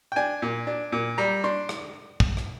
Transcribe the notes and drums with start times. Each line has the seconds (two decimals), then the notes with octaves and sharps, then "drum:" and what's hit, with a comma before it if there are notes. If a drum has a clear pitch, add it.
0.12 G5
0.16 D4 G#5
0.42 A#2
0.67 D4
0.92 A#2
1.18 G3 A#5
1.44 D4 C6
1.69 drum: rim click
2.20 drum: kick
2.37 drum: rim click